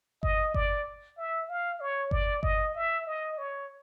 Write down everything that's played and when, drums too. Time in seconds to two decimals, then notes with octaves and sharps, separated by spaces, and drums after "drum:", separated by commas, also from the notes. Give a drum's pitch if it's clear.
0.23 D#5, drum: kick G1
0.54 D5, drum: kick G1
1.18 E5
1.49 F5
1.80 C#5
2.11 D5, drum: kick G1
2.43 D#5, drum: kick G1
2.75 E5
3.07 D#5
3.38 C#5